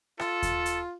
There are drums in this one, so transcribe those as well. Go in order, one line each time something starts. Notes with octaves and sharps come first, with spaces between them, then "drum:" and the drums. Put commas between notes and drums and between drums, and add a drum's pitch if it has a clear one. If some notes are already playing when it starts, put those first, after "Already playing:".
F4 A4, drum: rim click
drum: kick D#2, hi-hat
drum: hi-hat